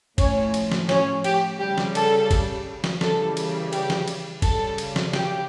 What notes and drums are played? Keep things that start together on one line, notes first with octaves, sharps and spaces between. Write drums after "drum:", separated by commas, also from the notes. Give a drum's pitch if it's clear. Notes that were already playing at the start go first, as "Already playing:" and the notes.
A2 F3 C#4, drum: kick G1, cymbal
drum: cymbal
drum: snare
C#4, drum: snare
G4, drum: cymbal
C#3 G3 G4
drum: snare
A4, drum: cymbal
drum: kick G1, cymbal
drum: snare
C#3 E3 G3 A4, drum: snare
drum: cymbal
G4, drum: cymbal
drum: snare
drum: cymbal
C#3 G3 A4, drum: kick G1, cymbal
drum: cymbal
drum: snare
G4, drum: snare